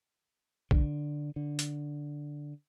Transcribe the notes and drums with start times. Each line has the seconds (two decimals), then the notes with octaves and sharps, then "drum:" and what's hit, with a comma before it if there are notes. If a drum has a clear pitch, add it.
0.71 D3, drum: kick
1.36 D3
1.59 drum: hi-hat